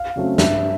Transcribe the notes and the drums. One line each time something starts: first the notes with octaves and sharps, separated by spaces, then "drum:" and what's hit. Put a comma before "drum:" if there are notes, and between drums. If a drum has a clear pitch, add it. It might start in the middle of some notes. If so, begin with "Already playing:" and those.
Already playing: F5
C#3 F#3 A3 C4
G2 E5, drum: snare